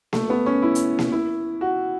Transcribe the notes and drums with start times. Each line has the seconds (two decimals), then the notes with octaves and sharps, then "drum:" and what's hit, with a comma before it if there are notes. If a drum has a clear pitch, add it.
0.13 A3, drum: snare A#3
0.30 B3
0.46 C#4
0.62 E4
0.75 drum: hi-hat
0.99 drum: snare A#3
1.12 E4
1.61 F#4